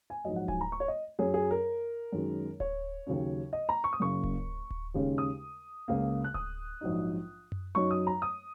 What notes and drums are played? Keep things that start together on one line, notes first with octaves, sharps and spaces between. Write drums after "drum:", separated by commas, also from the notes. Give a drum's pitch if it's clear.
G#5
A#1 G#2 F#3 D#5
F#5
G#5, drum: kick D1
A#5
C#6
C#5
D#5
F#2 F#3 C#4 G#4
G#4
A#4
F#2 D#3 G#3 C#4
C#5, drum: kick D1
D#2 C#3 F#3 C#4
D#5
A#5
C#6
D#6
F#1 F#2 C#3 A#3 C#6
drum: kick D1
drum: kick D1
D#2 C#3 G#3 C#4
D#6
C#2 C#3 A#3
F#6
D#6, drum: kick D1
A#1 G#2 F#3 D#4
drum: tom F#2
F#2 F#3 D#4 C#6
D#6
A#5
D#6